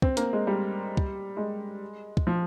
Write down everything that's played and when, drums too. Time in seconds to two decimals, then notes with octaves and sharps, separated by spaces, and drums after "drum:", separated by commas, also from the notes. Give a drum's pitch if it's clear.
0.02 C4, drum: kick
0.17 A#3, drum: hi-hat
0.33 G#3
0.47 G3
0.97 drum: kick
1.37 G#3
2.17 drum: kick
2.27 F3